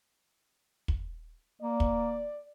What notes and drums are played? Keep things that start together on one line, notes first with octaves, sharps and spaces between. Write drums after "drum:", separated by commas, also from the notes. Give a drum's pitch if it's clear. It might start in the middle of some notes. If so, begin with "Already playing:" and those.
drum: kick
A#3 D5
drum: kick